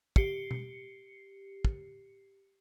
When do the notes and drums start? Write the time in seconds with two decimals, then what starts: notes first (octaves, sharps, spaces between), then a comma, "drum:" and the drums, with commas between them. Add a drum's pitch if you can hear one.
0.16 G4 C7 C#7, drum: kick
0.51 drum: tom B2
1.65 drum: kick